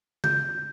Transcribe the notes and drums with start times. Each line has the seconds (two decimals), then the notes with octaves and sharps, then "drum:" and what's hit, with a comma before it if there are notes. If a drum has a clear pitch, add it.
0.24 G6, drum: tom C#3